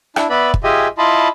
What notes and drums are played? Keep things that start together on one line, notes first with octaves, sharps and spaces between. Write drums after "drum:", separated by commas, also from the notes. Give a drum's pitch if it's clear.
D4 E4, drum: rim click
B3 B4 D5 E5 B5
drum: kick
F4 G4 G#4 D#5 E5 G#5
E4 F4 D#5 A5 B5 C6